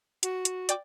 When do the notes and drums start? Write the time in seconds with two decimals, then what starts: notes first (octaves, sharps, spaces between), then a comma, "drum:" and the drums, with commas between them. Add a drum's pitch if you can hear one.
0.23 F#4, drum: hi-hat
0.45 drum: hi-hat
0.69 D5 G5 D6, drum: hi-hat